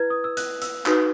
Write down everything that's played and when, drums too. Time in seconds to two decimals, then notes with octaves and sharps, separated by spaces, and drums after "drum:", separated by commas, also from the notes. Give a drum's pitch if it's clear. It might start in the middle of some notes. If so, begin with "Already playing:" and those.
Already playing: E4 B4 G#6
0.10 D#6
0.24 E6
0.37 F#6, drum: hi-hat
0.62 E6, drum: hi-hat
0.86 D#4 F#4 B4 D#6, drum: clap